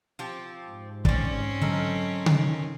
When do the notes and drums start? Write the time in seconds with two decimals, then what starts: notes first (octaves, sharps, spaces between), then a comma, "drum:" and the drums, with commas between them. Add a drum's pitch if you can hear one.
0.19 F3 C4 G4
0.68 G#2
1.05 G3 C4 C#4 D5, drum: kick
1.62 D3 F#3 D#4 A4 A#4
2.26 D#3, drum: tom C#3